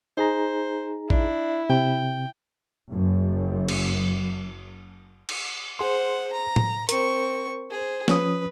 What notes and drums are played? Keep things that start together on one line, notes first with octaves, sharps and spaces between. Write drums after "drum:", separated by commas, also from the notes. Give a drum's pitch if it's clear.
D#4 G#4 C5 A#5
D4 E4, drum: kick
C3 G5
F#1 F#2
drum: cymbal
drum: cymbal
G#4 C5 F#5 C6
A#5
drum: tom A2
C4 A#4 C#6, drum: hi-hat
G#4 C5
F3 C#4 B4 D#6, drum: snare